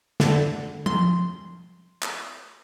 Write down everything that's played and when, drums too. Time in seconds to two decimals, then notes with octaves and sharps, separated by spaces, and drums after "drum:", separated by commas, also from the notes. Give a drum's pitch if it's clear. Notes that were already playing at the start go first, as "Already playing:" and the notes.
0.20 D3, drum: snare
0.86 C6, drum: tom F3
2.03 drum: clap